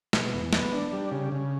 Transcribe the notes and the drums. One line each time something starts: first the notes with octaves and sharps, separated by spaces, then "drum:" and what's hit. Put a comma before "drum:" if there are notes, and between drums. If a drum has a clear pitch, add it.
B2, drum: snare
E2
B3, drum: snare
D4
G3
C#3
C#3